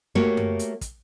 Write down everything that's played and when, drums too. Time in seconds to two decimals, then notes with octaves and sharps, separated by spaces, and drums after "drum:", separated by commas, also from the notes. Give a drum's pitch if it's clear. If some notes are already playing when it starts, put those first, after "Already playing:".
0.15 A3 A#3 F#4 G4 A#4 C#5
0.37 drum: tom F#2
0.59 drum: hi-hat
0.81 drum: kick, hi-hat